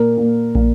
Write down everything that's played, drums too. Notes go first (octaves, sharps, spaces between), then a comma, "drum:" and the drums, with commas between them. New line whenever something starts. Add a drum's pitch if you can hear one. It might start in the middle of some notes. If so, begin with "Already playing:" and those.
Already playing: A#2 A#4
A#2
A#2, drum: kick